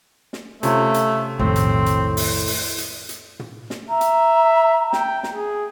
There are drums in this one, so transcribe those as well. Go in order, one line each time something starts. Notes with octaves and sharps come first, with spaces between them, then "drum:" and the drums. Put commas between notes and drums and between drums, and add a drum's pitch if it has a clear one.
drum: snare
C3 A3 C#4 F4, drum: hi-hat
drum: hi-hat
B1 F2 A2 D#3 C4
drum: hi-hat
drum: hi-hat
drum: open hi-hat
drum: open hi-hat
drum: hi-hat
drum: hi-hat
drum: tom
drum: snare
E5 A#5
drum: hi-hat
G5, drum: snare
drum: snare
G#4